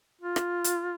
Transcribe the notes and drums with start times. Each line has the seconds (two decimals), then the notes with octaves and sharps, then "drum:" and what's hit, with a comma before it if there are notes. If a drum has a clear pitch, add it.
0.22 F4
0.36 drum: rim click
0.64 drum: hi-hat